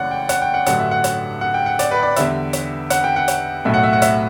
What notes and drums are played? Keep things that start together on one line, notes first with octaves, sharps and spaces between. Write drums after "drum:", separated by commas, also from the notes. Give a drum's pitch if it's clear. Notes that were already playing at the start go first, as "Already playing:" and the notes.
Already playing: F#1 F#2 E3 A3 C#5 D5 F#5
G5
F#5, drum: hi-hat
G5
F#5
A1 G2 D3 F#3 A3 F#5, drum: hi-hat
E5
F#5
drum: hi-hat
F#5
G5
F#5
D5, drum: hi-hat
B4
D5
E2 D3 G3 E5, drum: hi-hat
drum: hi-hat
F#5, drum: hi-hat
G5
F#5
drum: hi-hat
B1 A2 F#3 A3 E5
F#5
E5
F#5
E5, drum: hi-hat